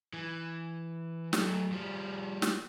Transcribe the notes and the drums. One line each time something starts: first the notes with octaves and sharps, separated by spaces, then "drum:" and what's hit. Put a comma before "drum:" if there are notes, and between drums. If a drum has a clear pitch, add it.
E3
F#3 A3, drum: snare
F3 G3
drum: snare